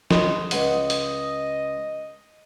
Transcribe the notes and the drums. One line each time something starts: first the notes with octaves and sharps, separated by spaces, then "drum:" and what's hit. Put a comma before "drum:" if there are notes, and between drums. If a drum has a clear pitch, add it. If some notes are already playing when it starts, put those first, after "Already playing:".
G#3, drum: snare
C#2 D#5 F#5, drum: hi-hat
drum: hi-hat